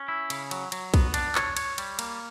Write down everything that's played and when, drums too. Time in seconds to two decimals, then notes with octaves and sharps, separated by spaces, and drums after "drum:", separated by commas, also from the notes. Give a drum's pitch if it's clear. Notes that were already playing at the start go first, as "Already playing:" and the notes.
Already playing: C#4
0.08 E4
0.30 C#3, drum: cymbal
0.51 F#3, drum: cymbal
0.72 F#3, drum: cymbal
0.94 B3, drum: kick B1, cymbal
1.14 D4, drum: cymbal
1.35 C#5, drum: clap
1.57 C#5, drum: cymbal
1.78 G3, drum: cymbal
1.99 A#3, drum: cymbal